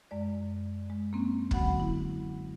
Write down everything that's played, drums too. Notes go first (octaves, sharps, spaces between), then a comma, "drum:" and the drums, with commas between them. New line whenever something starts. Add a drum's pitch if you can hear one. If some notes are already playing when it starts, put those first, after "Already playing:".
F#2 G#3 D5
G#3
A#3 C4 C#4
D3 F#3 F#4 F#5 B5, drum: kick
E4